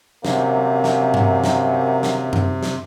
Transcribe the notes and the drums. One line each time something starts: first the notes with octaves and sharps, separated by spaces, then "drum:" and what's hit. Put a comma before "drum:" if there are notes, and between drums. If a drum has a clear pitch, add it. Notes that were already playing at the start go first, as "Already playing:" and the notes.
A#1 F#2 C3 A#3, drum: snare
drum: snare
drum: tom G2
drum: snare
drum: snare
drum: tom F#2
drum: snare